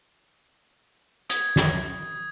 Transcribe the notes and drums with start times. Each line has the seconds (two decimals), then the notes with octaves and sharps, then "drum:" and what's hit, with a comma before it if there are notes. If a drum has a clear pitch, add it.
1.30 D#6 G#6, drum: hi-hat
1.56 drum: snare